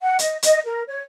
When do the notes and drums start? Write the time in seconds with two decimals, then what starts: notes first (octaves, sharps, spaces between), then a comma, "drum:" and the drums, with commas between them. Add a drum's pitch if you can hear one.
0.01 F#5
0.19 D#5, drum: hi-hat
0.43 D#5, drum: hi-hat
0.65 A#4
0.87 C#5